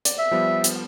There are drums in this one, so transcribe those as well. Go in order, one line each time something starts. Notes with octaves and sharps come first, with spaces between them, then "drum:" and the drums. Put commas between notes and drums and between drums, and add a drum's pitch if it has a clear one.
D5, drum: hi-hat
E5
F3 G3 B3
drum: hi-hat